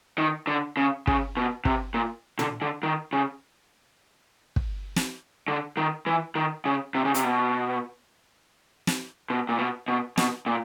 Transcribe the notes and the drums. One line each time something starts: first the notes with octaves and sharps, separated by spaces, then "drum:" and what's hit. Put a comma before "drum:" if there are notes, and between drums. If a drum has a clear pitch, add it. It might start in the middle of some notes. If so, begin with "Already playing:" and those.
D#3
D3
C#3
C#3, drum: kick
B2
C3, drum: kick
A#2
D3, drum: tom
D3
D#3
C#3
drum: kick
drum: snare
D3
D#3
E3
D#3
C#3
C3
C#3
C3, drum: hi-hat
B2
drum: snare
B2
A#2
B2
B2
B2, drum: snare
A#2